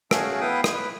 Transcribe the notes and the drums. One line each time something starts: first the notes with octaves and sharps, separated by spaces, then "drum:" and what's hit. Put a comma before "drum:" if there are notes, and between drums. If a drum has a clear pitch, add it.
A3 C#4 F#4 G#4 F5, drum: rim click
B3 E4 B4 F5 G5 D#6
drum: rim click
B4